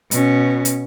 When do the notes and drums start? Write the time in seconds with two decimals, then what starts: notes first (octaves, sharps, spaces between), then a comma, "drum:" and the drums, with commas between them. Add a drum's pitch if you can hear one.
0.11 B2 C#4, drum: hi-hat
0.65 drum: hi-hat